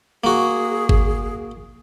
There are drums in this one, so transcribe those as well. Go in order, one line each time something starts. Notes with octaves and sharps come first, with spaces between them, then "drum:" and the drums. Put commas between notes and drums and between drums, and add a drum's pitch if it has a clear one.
A#3 F#4 G#4
drum: kick G1